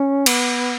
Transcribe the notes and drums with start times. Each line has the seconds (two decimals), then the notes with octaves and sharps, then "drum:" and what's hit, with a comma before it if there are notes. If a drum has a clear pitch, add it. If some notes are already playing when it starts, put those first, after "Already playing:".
Already playing: C#4
0.26 B3, drum: cymbal